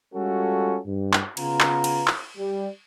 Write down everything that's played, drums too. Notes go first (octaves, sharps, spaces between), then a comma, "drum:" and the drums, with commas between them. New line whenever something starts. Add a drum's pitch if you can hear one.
G3 G#3 C#4 F4 F#4 A4
G2
drum: clap
C#3 B3 F4 B4 A#5, drum: cymbal
drum: clap
drum: cymbal
drum: clap
G3